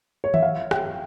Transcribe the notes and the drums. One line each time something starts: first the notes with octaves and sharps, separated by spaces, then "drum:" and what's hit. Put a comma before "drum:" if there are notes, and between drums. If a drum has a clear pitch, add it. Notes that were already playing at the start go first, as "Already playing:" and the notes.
C#5
E5, drum: tom D#3
F5
G5, drum: rim click